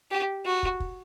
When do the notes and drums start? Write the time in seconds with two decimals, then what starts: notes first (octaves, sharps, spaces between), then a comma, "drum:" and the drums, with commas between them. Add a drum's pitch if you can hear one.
0.11 G4
0.45 F#4
0.63 drum: kick
0.80 drum: kick